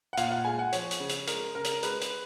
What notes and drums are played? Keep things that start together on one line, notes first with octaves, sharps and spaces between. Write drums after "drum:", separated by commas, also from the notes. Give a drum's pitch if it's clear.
F#5
A#2 F5, drum: hi-hat
F#5
G#3 G#5
F#5
F3 C#5, drum: hi-hat
drum: hi-hat
C#3
drum: hi-hat
G#3 A#4, drum: hi-hat
C#3 A#4
drum: hi-hat
G#3 B4, drum: hi-hat
drum: hi-hat